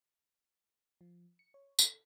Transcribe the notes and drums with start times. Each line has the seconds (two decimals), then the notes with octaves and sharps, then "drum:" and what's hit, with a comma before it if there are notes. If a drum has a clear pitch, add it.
1.01 F3
1.39 C#7
1.54 C#5
1.79 A4, drum: tambourine